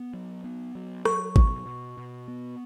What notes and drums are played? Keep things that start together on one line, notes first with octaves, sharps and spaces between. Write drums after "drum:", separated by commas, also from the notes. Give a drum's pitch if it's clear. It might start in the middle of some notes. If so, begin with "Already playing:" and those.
Already playing: B3
F#3
B3
F#3
F#3 C#6, drum: rim click
B2, drum: kick
B2
B2
B3